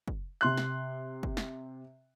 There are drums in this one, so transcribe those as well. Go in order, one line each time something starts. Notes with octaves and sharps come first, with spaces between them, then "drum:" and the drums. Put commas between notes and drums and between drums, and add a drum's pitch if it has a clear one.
drum: kick
C3 C6 F#6
drum: snare
drum: kick
drum: snare